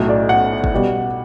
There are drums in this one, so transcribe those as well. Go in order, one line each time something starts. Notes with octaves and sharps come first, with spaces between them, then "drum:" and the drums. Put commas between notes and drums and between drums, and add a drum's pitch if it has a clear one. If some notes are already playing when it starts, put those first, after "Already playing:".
Already playing: B1 A2 F#3
D5
F#5
drum: kick
B2 G3